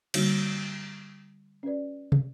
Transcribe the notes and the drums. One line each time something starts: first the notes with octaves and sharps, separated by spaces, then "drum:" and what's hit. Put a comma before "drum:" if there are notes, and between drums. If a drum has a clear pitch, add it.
D3 G3 A#3 D#4 F#4, drum: cymbal
C#4 F#4 B4 D5
drum: tom